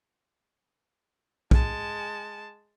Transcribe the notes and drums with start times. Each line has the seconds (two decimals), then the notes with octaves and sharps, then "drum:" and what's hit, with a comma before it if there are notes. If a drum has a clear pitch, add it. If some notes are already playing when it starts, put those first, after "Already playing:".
1.51 G#3 A5, drum: kick